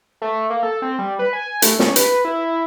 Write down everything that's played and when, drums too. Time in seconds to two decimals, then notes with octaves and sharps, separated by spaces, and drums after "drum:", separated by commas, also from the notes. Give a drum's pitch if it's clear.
0.22 A3
0.50 A#3
0.63 A4
0.82 C4
0.99 G3
1.19 B4
1.33 G#5
1.62 A3, drum: hi-hat
1.79 C#4, drum: snare
1.96 B4, drum: hi-hat
2.25 E4